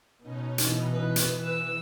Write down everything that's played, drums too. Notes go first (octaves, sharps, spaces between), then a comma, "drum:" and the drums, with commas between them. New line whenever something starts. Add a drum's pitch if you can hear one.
B2 C#4 D#4
E3 D#4, drum: hi-hat
B4
drum: hi-hat
E6